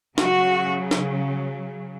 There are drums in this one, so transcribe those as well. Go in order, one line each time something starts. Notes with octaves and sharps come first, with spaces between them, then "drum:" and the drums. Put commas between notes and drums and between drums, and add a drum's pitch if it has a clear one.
C#3 F#3 F#4, drum: snare
drum: snare